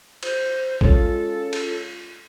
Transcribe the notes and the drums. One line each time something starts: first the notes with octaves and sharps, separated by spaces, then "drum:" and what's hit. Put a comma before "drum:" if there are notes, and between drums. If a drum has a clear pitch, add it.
C5, drum: cymbal
G#3 C#4 F4 A4, drum: kick
drum: cymbal